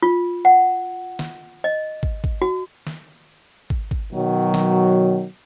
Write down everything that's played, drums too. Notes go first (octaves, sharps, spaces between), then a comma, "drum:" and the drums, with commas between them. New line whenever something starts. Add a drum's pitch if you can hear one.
F4
F#5
drum: snare
D#5
drum: kick
drum: kick
F#4
drum: snare
drum: kick
drum: kick
B2 D#3 F#3
drum: snare